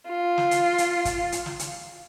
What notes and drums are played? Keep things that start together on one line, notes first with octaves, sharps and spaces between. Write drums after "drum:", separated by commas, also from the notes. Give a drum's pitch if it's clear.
F4
drum: snare
drum: hi-hat
drum: hi-hat
drum: kick, hi-hat
drum: hi-hat
drum: snare
drum: hi-hat